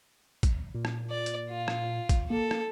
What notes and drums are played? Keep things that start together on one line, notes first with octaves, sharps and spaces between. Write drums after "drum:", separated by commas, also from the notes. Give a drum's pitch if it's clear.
drum: kick, hi-hat
A#2
drum: rim click
D5
drum: hi-hat
F4
drum: rim click
drum: kick, hi-hat
A#3 A4
drum: rim click